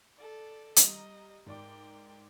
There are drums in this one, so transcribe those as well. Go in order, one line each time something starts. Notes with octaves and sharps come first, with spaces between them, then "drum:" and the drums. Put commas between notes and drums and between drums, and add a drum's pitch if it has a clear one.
A4 D5
G3 D#5 A#5, drum: hi-hat
G#2 A#4 D5 G5 D6